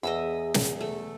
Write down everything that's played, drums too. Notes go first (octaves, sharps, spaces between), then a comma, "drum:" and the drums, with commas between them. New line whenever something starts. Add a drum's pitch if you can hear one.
E2 G#4 D#5 E5 B5
drum: snare
A3